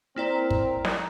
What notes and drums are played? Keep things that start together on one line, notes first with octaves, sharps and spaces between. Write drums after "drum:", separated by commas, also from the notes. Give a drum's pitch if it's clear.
A#3 C4 E4 A#4 D5 G5 A#5
drum: kick
drum: snare